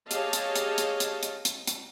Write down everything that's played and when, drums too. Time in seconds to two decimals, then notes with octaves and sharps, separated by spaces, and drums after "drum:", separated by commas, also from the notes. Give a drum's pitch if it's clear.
0.11 G4 G#4 C#5 D#5 F5 A5, drum: hi-hat
0.33 drum: hi-hat
0.55 drum: hi-hat
0.78 drum: hi-hat
1.00 drum: hi-hat
1.23 drum: hi-hat
1.45 drum: hi-hat
1.67 drum: hi-hat